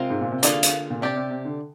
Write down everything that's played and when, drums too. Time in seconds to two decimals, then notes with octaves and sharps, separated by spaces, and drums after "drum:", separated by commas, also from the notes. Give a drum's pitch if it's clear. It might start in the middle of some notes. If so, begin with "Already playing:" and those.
Already playing: C3 G#3 C4 F4 A#4
0.10 G#2
0.21 A#2
0.32 C3
0.43 D3 A#3 F4 G#4 D5, drum: hi-hat
0.63 drum: hi-hat
0.90 A#2
1.01 C3 D4 G4 D5
1.16 C3
1.31 C3
1.45 D3